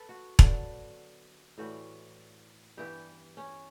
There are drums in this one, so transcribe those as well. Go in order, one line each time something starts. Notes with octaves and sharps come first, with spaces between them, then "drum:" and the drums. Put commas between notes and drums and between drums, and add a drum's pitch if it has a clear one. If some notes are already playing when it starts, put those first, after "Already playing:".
Already playing: A4 B4
F#4
D3 F#3 B3 D4, drum: kick E1
A2 E3 G3 F#4
G2 E3 B3 G4
C#4